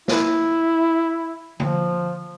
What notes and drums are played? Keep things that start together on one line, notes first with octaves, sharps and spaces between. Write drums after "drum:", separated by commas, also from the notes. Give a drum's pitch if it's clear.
E4, drum: snare
F3, drum: tom D3